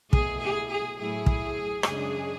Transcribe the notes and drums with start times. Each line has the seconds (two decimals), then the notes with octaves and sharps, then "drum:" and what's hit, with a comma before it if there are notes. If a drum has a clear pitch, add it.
0.13 B2 A3 E4 G#4, drum: kick
0.41 G#4
0.70 G#4
0.98 A2 F#3 A3 E4 G#4
1.26 drum: kick
1.83 F#2 C#3 G#3 D4 G#4, drum: rim click